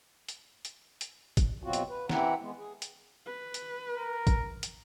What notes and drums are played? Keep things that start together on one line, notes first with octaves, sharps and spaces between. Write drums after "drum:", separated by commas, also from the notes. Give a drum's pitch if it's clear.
drum: hi-hat
drum: hi-hat
drum: hi-hat
drum: kick, hi-hat
D#2 B2 F#3 C4 F4 F#4
drum: hi-hat
B4
E3 C4 E4 G4 F#5 A#5, drum: snare
G#3 B3
G#4
drum: hi-hat
B4
drum: hi-hat
A#4
drum: kick, hi-hat
drum: hi-hat